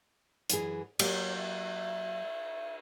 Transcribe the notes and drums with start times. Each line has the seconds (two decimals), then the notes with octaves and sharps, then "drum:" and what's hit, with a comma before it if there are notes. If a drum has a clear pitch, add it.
0.50 F#2 E3 G#4, drum: hi-hat
0.99 F#3 A#3 G4 C#5, drum: cymbal
1.37 E5